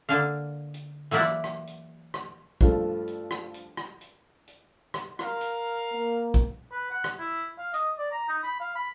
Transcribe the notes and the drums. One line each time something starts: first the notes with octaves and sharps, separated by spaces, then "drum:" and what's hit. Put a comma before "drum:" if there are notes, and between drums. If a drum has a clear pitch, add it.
D3 A#3 D4 F5
drum: hi-hat
E3 F#3 A#3 E4 D5 F#5
drum: rim click
drum: rim click
drum: hi-hat
drum: rim click
G2 F3 A3, drum: kick, hi-hat
drum: hi-hat
drum: rim click
drum: hi-hat
drum: rim click
drum: hi-hat
drum: hi-hat
drum: rim click
A#4 F5, drum: rim click
drum: hi-hat
A#3
drum: kick, hi-hat
B4
F#5
drum: rim click
E4
F5
D#5, drum: hi-hat
D5
A#5
D#4
B5
F5
B5